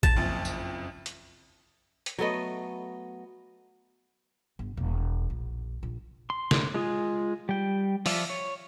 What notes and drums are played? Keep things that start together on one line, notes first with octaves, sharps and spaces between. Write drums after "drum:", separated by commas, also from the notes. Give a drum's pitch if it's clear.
A5, drum: kick
F#1 F2
drum: tambourine
drum: hi-hat
drum: hi-hat
F#3 A3 B3 D#5
G1
E1
A#1
A#1
C6
drum: snare
G#3 F4 G#4
G3 G5
F3 F4 D5 E5, drum: open hi-hat
C#5